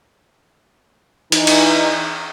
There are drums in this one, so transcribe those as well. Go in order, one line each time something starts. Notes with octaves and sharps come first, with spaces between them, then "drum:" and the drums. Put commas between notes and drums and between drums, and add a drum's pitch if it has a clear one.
E3 D#4, drum: hi-hat
drum: cymbal